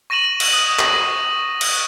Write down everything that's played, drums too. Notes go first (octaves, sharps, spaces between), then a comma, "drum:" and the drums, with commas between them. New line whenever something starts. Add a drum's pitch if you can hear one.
C#6 A#6 D#7 E7 F#7
drum: cymbal
D#6
C#6 A#6, drum: clap
drum: cymbal